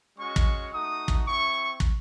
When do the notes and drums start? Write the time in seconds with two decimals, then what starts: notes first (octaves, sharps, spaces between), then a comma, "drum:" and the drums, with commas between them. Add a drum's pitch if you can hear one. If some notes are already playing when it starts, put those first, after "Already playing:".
0.18 G#3 C#4 F#4 C#6
0.36 drum: kick
0.72 A3 D#4 F#4 D#6
1.08 drum: kick
1.26 C4 E4 C#6
1.80 drum: kick